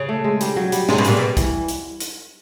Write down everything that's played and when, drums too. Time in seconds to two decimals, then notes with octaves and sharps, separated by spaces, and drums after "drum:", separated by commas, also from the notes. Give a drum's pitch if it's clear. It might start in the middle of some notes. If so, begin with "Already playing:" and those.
Already playing: C#3
0.09 A3
0.24 G#3
0.41 G3, drum: hi-hat
0.56 F#3
0.72 G3, drum: hi-hat
0.89 C3 G#3, drum: snare
0.98 B2
1.05 A#2 G3, drum: hi-hat
1.17 B2
1.37 E3, drum: kick, hi-hat
1.68 drum: hi-hat
2.00 drum: hi-hat